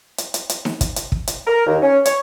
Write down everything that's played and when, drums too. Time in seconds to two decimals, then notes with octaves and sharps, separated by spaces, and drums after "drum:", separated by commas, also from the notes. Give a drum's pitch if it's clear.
0.18 drum: hi-hat
0.34 drum: hi-hat
0.49 drum: hi-hat
0.65 drum: snare D#4
0.81 drum: kick, hi-hat
0.96 drum: hi-hat
1.12 drum: kick
1.27 drum: hi-hat
1.47 A#4
1.67 D#2
1.82 C#4
2.05 C#5, drum: hi-hat